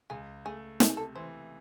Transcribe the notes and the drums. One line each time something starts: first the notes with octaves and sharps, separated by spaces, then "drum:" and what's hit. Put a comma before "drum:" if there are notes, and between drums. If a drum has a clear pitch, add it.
C#2 G#4
A3 G#4
C3 A4, drum: snare
G#4
A4
E3 C5